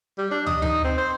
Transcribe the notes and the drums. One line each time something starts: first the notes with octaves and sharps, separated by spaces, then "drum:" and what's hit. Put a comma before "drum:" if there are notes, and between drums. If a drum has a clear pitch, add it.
G3
D4
D#5, drum: tom
D#4, drum: tom
C4
C5